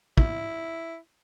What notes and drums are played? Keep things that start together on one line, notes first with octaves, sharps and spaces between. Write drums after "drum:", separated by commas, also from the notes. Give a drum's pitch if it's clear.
E4, drum: kick